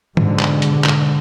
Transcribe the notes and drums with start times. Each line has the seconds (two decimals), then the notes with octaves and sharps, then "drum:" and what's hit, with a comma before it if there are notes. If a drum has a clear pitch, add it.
0.17 G#2 B2 D3 G#3, drum: tom D#3
0.40 drum: clap
0.62 drum: hi-hat
0.84 drum: clap